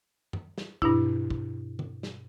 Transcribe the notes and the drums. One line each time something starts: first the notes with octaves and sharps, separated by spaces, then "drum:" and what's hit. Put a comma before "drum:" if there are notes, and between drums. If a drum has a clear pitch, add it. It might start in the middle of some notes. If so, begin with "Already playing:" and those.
drum: tom F#2
drum: snare
G2 B2 D4 E4, drum: kick
drum: kick
drum: tom
drum: snare